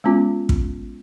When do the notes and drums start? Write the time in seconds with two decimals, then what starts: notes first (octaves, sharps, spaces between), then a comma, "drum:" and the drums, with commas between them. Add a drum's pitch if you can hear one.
0.04 G#3 B3 C#4 F4
0.49 drum: kick